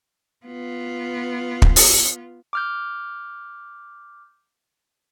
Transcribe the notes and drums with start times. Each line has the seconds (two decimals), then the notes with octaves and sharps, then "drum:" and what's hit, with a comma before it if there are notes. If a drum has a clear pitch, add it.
0.46 B3 F4
1.62 drum: kick
1.76 drum: open hi-hat
2.53 D6 F6 G6